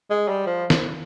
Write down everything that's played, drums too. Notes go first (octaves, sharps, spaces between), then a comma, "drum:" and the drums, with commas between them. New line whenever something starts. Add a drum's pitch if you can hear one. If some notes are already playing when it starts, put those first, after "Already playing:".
G#3
G3
F3
drum: snare